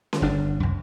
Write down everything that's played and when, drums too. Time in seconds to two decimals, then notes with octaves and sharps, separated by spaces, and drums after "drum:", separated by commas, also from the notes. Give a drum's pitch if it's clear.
0.13 drum: snare C#4
0.22 G1 G2 D4
0.60 C2 F#2